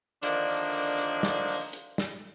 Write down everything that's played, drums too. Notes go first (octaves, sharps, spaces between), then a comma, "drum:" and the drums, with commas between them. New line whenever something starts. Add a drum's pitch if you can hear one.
D3 D#3 F3 A#3 D4, drum: hi-hat
drum: open hi-hat
drum: open hi-hat
drum: hi-hat
drum: snare
drum: open hi-hat
drum: hi-hat
drum: snare